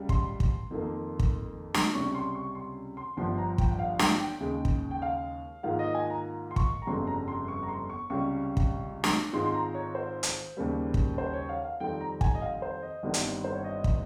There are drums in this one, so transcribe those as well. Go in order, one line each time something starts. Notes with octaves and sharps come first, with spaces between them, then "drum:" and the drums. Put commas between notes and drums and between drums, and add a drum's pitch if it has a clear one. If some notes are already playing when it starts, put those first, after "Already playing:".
Already playing: C#2 C#3 G3
C6, drum: kick
drum: kick
F2 D#3 A#3
drum: kick
drum: snare
C#2 C3 G3 C#4 C#6
C6
C#6
C6
C6
G1 G2 F3 C6
A#5
G5, drum: kick
F5
G5, drum: snare
G5
D#2 C#3 G#3
drum: kick
G5
F5
G#2 D#3 A#3 F4 F5
D#5
G#5
A#5
C6
C#6, drum: kick
A#5
G1 F2 C#3 G3 C6
A#5
C6
C#6
A#5
C6
C#6
C#2 C3 G3 C#4 C#6
drum: kick
drum: snare
G#2 D#3 G#3 C4 F4 C6
C6
A#5
C#5
C5
drum: hi-hat
D#2 C#3 G3 A#3
drum: kick
C5
C#5
F5
F5
F2 D#3 G3 C4 G5
A#5
G#5, drum: kick
D#5
F5
C5
D#5
G1 G2 D#3 G3 C4
drum: hi-hat
C5
C#5
D#5
drum: kick